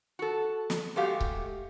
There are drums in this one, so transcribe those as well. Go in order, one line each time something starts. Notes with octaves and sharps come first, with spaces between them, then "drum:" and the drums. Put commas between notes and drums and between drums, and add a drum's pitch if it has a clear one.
F#4 A4
drum: snare
G#3 A3 F#4 G4 F5
drum: kick C#1